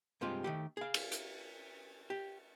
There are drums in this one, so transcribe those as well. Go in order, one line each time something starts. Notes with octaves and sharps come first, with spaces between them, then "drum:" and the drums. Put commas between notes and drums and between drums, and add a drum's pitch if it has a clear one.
G2 C3 G#3 F4 G4
D#3 A3 G4
G#4 F5
drum: cymbal
drum: hi-hat
G4